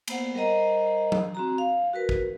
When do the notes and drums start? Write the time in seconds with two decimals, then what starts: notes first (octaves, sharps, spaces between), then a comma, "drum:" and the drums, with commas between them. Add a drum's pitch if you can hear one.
0.08 A#3 B3 C5 F#5, drum: cymbal
0.34 G3 A#4 C5 D#5 A#5
1.12 drum: tom F#3
1.35 C4 F#4 A#5
1.58 F5
1.94 F#4 A#4 B4
2.09 drum: kick